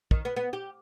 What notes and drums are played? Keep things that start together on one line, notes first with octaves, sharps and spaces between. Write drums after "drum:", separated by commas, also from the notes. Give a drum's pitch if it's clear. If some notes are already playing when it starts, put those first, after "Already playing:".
D#3, drum: kick
B3
B3
G4